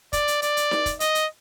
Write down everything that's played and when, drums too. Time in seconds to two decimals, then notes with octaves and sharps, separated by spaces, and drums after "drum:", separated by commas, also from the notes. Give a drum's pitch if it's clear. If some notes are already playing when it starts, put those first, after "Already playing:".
0.13 D5, drum: kick, hi-hat
0.28 drum: hi-hat
0.42 D5, drum: hi-hat
0.57 drum: hi-hat
0.71 drum: snare D#4
0.86 drum: kick, hi-hat
1.00 D#5, drum: hi-hat
1.15 drum: hi-hat